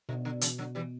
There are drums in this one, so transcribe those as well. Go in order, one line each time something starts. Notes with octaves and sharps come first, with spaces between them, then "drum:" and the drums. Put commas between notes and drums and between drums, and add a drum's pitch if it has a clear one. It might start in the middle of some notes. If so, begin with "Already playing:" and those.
B2 D3
D3
C#3 E3, drum: hi-hat
D3 F#3
E3 G3